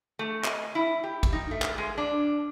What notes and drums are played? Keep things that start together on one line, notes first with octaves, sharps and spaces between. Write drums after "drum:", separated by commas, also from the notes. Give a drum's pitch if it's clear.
A3
D#5, drum: clap
E4
G4
drum: kick, cymbal
D#4
A3
drum: clap
G#3
D4